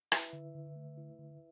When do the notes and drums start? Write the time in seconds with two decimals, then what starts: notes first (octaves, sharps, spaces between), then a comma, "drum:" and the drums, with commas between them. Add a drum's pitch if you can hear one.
0.12 E4 B4 E5, drum: rim click
0.33 D3
0.55 D3
0.76 A3
0.97 E4
1.19 D3